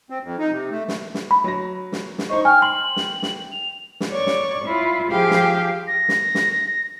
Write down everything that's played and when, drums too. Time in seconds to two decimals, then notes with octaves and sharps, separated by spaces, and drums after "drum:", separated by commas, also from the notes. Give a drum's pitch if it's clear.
0.10 C4
0.23 F2
0.39 D#4
0.51 C3
0.71 A3
0.88 drum: snare
1.14 drum: snare
1.31 B5
1.44 F#3 A#6
1.92 drum: snare
2.18 drum: snare
2.29 D#4 C5 D#5 C#6
2.45 G5 G#5 F6
2.62 C6 F#7
2.96 drum: snare
3.22 drum: snare
3.52 F7
4.00 drum: snare
4.10 C#5 D5 C#6
4.26 drum: snare
4.65 E4 F4
5.11 F3 G4 G#4 F5 G5
5.31 drum: snare
5.87 A#6
6.09 drum: snare
6.35 drum: snare